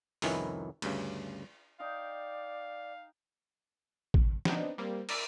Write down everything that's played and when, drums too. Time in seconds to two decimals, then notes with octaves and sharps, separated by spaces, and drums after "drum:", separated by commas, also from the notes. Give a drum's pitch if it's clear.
0.22 C2 F2 D#3 C#4 E4 B4, drum: open hi-hat
0.82 D2 G2 C#3, drum: cymbal
1.80 D#4 D5 F5 G5
4.14 drum: kick A1
4.45 B3 C4 D4 D#4, drum: snare F3
4.78 G3 A#3 C4
5.09 A#4 D5 E5, drum: cymbal